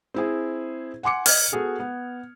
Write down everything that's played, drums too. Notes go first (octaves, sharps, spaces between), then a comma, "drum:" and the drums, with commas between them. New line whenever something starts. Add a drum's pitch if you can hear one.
C4 E4 G#4
F#5 G#5 C6 D6 C#7
D#5 F6 G#6, drum: open hi-hat
B3 F#4 G#4 A4
B3